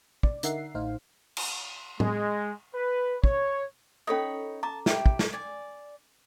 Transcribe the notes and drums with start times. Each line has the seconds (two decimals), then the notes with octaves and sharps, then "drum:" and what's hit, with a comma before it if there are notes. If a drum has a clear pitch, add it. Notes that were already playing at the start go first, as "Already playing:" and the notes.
0.23 D5, drum: kick
0.43 D3 D#4 A#4 E5 F#5 C7, drum: hi-hat
0.75 A1 A2 D#4 C5 F5
1.37 drum: cymbal
2.00 G#3, drum: tom A2
2.74 B4
3.24 C#5, drum: kick
4.07 C#4 D#4 A4 C#5 B5 D#6
4.63 A5 A#5 D6
4.86 E4 G4 G5, drum: snare
5.06 drum: kick
5.19 drum: snare
5.33 D5 G#5